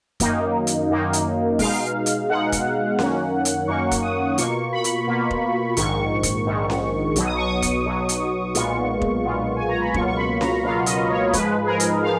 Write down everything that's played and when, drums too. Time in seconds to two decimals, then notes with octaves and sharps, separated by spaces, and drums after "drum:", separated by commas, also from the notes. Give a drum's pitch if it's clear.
0.20 F#2 D#3 A#3 D#4, drum: kick F1, hi-hat
0.67 drum: hi-hat
0.90 F#2 D#3 A#3 D#4
1.13 drum: hi-hat
1.59 B2 G#3 D#4 F5, drum: kick F1, open hi-hat
2.06 drum: hi-hat
2.29 B2 G#3 D#4 F#5
2.52 drum: kick F1, hi-hat
2.99 F#2 D#3 A#3 C#4, drum: snare C#4
3.45 drum: hi-hat
3.68 F#2 D#3 A#3 C#4 C#6
3.91 drum: kick F1, hi-hat
4.02 D#6
4.38 B2 A#3 F4 C#6, drum: hi-hat
4.73 B5
4.84 drum: hi-hat
5.07 B2 A#3 F4
5.31 drum: kick F1
5.77 A#1 G#2 D#3 C#6, drum: hi-hat
6.23 drum: kick F1, hi-hat
6.46 A#1 G#2 D#3
6.70 drum: snare C#4
7.16 B1 B2 F#3, drum: hi-hat
7.26 D#6
7.36 C#6
7.46 D#6
7.62 drum: kick F1, hi-hat
7.85 B1 B2 F#3
8.09 drum: hi-hat
8.55 B1 A#2 G#3 B3 F4 C#6, drum: hi-hat
9.01 drum: kick F1
9.24 B1 A#2 G#3 B3 F4
9.57 G#5
9.69 A#5
9.82 B5
9.94 C#2 B2 F#3 A#3 F4 C#6, drum: kick F1
10.08 C#6
10.17 B5
10.41 A#5, drum: snare C#4
10.64 C#2 B2 F#3 A#3 F4 F5
10.86 D#5, drum: hi-hat
11.10 C#5
11.33 G#2 F3 G#3 B4, drum: kick F1, hi-hat
11.65 G#4
11.68 A#4
11.80 drum: hi-hat
12.03 F3 F5